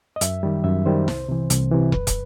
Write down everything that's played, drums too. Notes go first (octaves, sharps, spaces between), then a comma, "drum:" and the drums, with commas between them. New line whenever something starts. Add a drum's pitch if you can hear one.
D#5
F#2 E5, drum: hi-hat
D#3 G3
F#2 E5
D#3 G3 C5
C2, drum: snare
C3 E3
C2, drum: hi-hat
C3 E3
F#2 B4, drum: kick
drum: kick, hi-hat